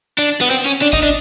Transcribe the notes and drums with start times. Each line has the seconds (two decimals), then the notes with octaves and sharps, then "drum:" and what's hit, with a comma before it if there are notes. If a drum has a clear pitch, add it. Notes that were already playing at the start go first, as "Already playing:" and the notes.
0.19 D4
0.41 B3
0.50 C4
0.66 C#4
0.82 D4
0.93 D#4, drum: kick G#1
1.03 D4